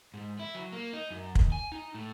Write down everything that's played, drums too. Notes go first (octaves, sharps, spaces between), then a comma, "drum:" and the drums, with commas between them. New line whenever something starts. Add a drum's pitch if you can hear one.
G#2
E4
F#3
A#3
D#4
F#2
D#2, drum: kick
G#5
D#4
A2